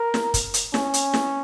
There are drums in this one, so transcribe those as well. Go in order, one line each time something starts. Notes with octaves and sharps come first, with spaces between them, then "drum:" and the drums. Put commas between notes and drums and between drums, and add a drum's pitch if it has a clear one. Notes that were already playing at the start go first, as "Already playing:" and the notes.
Already playing: A#4
drum: snare
drum: kick, hi-hat
drum: hi-hat
C#4, drum: snare
drum: hi-hat
drum: snare